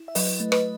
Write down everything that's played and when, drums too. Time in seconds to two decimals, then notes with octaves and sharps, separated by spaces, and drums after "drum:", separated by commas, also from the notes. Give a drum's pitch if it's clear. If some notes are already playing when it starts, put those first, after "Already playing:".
Already playing: E4
0.08 E5
0.15 F#3 B4 D#5, drum: open hi-hat
0.40 A3
0.52 B4 D#5, drum: rim click